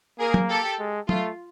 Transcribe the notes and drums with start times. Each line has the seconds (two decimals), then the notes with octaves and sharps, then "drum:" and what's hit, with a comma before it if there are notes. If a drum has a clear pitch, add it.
0.19 A#3 G#4 A#4
0.34 drum: tom
0.50 G4 A4
0.79 G#3
1.09 A3 F4, drum: tom